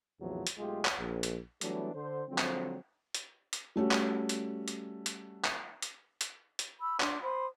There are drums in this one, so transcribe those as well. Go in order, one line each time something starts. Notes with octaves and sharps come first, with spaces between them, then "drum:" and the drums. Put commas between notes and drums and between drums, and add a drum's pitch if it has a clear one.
A#1 E2 A2 C3 F3 F#3
drum: hi-hat
B1 G#3 A3 F4 G4 G#4
drum: clap
A#1
drum: hi-hat
E3 F#3 G3 A3 B3 D4, drum: hi-hat
D3 C5
D3 F3 F#3 G#3 C4
drum: clap
drum: hi-hat
drum: hi-hat
G3 A3 C#4 F#4
drum: clap
drum: hi-hat
drum: hi-hat
drum: hi-hat
drum: clap
drum: hi-hat
drum: hi-hat
drum: hi-hat
B5 E6
D4 C6, drum: clap
C5 B5 C6 D#6